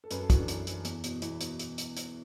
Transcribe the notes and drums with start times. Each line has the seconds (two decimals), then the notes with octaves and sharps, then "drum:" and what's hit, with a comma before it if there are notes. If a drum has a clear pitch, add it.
0.04 A4
0.11 F#2 B4, drum: hi-hat
0.20 A4
0.30 E3 F#4, drum: kick, hi-hat
0.39 D4
0.48 F#2 E4, drum: hi-hat
0.67 E3, drum: hi-hat
0.85 E2, drum: hi-hat
1.04 B2, drum: hi-hat
1.22 E2 E4, drum: hi-hat
1.41 B2, drum: hi-hat
1.59 drum: hi-hat
1.78 drum: hi-hat
1.97 drum: hi-hat